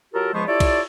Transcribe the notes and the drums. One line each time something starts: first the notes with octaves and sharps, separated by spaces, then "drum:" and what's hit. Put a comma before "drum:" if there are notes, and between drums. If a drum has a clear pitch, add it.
F#3 F4 G4 A4 A#4
C#2 F3 G#3 B3 C5 C#6
E4 F4 G4 A4 C#5 D5
drum: kick, cymbal